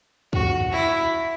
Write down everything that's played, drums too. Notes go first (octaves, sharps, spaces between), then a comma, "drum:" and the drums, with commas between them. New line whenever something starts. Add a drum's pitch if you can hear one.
F#4, drum: kick
E4